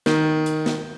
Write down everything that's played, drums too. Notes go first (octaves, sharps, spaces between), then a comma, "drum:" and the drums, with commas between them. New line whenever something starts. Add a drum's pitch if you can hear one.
D#3, drum: snare
drum: hi-hat
drum: snare